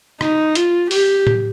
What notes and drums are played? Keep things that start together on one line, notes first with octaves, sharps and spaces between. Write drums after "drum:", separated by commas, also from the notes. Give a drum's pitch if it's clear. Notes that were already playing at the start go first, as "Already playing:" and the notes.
D#4, drum: rim click
F4, drum: hi-hat
G4, drum: open hi-hat
drum: tom A2